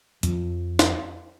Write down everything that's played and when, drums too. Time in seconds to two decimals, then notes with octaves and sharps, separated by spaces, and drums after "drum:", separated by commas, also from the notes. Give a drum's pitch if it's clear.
0.23 F2 F3, drum: hi-hat
0.79 drum: snare